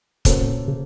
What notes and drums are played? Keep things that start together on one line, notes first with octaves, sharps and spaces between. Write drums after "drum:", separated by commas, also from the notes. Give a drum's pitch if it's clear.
C#3 A#3 C#4 F#4 A4 C5, drum: kick, hi-hat
A2
A#2
C#3